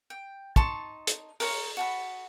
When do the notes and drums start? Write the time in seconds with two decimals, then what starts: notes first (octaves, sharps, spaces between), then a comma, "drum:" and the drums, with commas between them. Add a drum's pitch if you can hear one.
0.10 G5
0.56 D#4 A5 C6 C#6, drum: kick
1.07 drum: hi-hat
1.40 A#4 C5 C#5 A#5, drum: open hi-hat
1.77 F#4 A5 B5